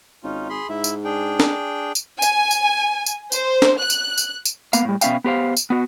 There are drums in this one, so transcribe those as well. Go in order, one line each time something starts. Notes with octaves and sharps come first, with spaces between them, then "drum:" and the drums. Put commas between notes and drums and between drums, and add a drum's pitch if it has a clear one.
G#1 C#4 D#4 F4
G#4 B5 C6
G#2 E4 E5
drum: tambourine
D4 G#4 G5
drum: snare D4
drum: tambourine
G#5, drum: tambourine
drum: tambourine
drum: tambourine
C5, drum: tambourine
drum: snare D4
F#6
drum: tambourine
drum: tambourine
drum: tambourine
A#3 B3 F5, drum: tambourine
A2 G3
B2 B3 C#4 E5 F5 G5, drum: tambourine
B3 G4 C5 F5
drum: tambourine
B3 F#4